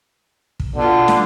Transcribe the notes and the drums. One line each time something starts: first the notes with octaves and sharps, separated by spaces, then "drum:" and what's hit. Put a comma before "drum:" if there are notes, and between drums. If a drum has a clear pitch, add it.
drum: kick
B2 D3 F4
drum: snare